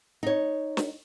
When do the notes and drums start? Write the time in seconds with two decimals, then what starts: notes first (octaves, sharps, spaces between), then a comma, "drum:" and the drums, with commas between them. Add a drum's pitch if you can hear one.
0.23 D#4 C#5
0.77 drum: snare